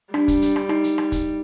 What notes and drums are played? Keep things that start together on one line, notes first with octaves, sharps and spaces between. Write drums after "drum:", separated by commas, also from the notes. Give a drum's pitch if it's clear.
G3 D4, drum: rim click
drum: kick, hi-hat
drum: hi-hat
drum: rim click
D#4, drum: rim click
drum: hi-hat
drum: rim click
drum: kick, hi-hat